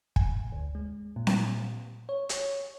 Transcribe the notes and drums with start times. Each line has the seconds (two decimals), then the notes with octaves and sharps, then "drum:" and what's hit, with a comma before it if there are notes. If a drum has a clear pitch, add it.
0.16 G#5, drum: kick
0.52 D2
0.75 G#3
1.16 A#2
1.27 drum: snare C4
2.09 C#5
2.29 drum: hi-hat